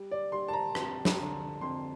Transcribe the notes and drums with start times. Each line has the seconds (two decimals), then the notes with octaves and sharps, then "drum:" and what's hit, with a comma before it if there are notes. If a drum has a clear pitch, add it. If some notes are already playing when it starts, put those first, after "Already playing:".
Already playing: G3
0.11 D5
0.32 G3 C6
0.48 A5
0.53 A#5
0.75 F2, drum: rim click
1.05 drum: snare
1.19 D3
1.61 F2 C6